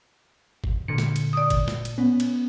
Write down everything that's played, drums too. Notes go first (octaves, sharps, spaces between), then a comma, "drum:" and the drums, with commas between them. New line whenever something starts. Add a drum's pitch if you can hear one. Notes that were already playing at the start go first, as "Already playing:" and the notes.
drum: kick G1
A#2 D3 C#7
drum: snare
drum: cymbal
D5 D#6
drum: kick G1, cymbal
drum: snare
drum: cymbal
B3 C#4
drum: cymbal